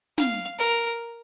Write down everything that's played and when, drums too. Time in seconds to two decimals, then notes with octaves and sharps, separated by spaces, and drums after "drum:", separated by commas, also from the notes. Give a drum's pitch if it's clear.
0.18 F5, drum: snare
0.59 A#4